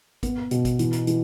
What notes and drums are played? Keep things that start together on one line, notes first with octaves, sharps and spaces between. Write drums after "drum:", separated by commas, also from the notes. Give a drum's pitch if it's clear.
B3, drum: kick, hi-hat
B2, drum: hi-hat
drum: kick, hi-hat
E3, drum: hi-hat
drum: hi-hat
E3, drum: hi-hat